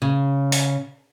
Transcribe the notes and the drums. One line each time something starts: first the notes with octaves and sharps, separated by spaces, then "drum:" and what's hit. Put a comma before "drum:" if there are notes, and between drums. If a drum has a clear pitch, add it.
C#3
drum: open hi-hat